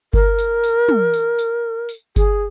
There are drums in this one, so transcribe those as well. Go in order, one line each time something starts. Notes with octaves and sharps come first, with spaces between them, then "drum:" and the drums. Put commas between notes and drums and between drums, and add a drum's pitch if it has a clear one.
A#4, drum: kick G1
drum: tambourine
drum: tambourine
drum: tom
drum: tambourine
drum: tambourine
drum: tambourine
G#4, drum: kick G1, tambourine